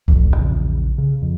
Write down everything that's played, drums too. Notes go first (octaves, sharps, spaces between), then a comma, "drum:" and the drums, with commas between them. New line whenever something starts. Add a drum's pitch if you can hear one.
E1 A1 F2, drum: kick C2
A#1 E2 C#3
C#3
F2